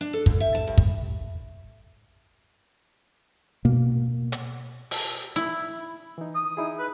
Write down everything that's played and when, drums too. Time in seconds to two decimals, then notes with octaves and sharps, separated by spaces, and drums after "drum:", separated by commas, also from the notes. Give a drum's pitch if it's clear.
0.01 D4
0.13 A4
0.26 D#2, drum: kick
0.40 E5
0.55 A5
0.67 G2
0.78 drum: kick
3.65 B2 A#3
4.32 drum: hi-hat
4.91 drum: open hi-hat
5.36 E4
6.18 E3 D#4
6.35 D#6
6.57 D#4 E4 G#4
6.79 B4